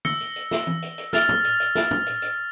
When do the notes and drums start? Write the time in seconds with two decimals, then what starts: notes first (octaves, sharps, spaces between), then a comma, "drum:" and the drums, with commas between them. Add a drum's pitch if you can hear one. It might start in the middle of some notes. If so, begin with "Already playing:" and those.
0.05 E6 A#6 C#7 G7, drum: tom
0.20 drum: hi-hat
0.36 drum: hi-hat
0.51 drum: snare
0.67 drum: tom
0.82 drum: hi-hat
0.98 drum: hi-hat
1.13 F6 A6 F7, drum: snare
1.29 drum: tom
1.44 drum: hi-hat
1.60 drum: hi-hat
1.75 drum: snare
1.91 drum: tom
2.06 drum: hi-hat
2.22 drum: hi-hat